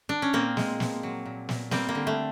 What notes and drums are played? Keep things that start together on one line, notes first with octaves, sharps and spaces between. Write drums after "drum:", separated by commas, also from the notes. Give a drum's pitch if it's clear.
D4
C#4
A#2 A#3 C4
G#3, drum: snare
F3, drum: snare
F#3
A#2
A#2, drum: snare
G3 A#3 C4, drum: snare
A#3
D3
A3